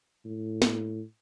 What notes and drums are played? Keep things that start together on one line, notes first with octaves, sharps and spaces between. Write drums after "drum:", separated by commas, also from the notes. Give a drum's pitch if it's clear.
A2
drum: snare